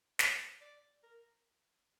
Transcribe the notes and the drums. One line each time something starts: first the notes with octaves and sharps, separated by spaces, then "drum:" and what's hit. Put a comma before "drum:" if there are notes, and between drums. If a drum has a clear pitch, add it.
C#5, drum: snare
D5
A#4